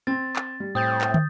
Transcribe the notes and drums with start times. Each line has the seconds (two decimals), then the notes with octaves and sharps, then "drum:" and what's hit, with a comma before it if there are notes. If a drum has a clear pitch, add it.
0.07 C4 A6
0.36 drum: clap
0.60 G3
0.75 A2 C4 D#6 G6 A6
1.01 drum: clap
1.14 drum: tom